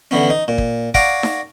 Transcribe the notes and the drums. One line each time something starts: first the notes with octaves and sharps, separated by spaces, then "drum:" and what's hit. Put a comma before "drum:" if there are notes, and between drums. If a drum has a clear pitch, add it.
D3 E3 B3 C#4
D#4
A#2
drum: kick
C#5 D5 F5 F#5 A#5 D6, drum: kick
drum: snare D#4